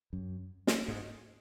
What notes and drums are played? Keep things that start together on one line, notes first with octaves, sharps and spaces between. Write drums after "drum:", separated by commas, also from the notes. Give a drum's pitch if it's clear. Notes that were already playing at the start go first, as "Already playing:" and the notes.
F#2
drum: snare
G#2